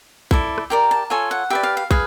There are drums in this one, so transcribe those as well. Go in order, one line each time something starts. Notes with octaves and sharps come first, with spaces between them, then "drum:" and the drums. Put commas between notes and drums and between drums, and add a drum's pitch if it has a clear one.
E4 A4 D5, drum: kick
drum: rim click
G4 A#4 D5 A#5
A5
F4 A4 C#5 G#5
F#5
G4 B4 D5 E5
F5
F5
G#4 B4 F5, drum: kick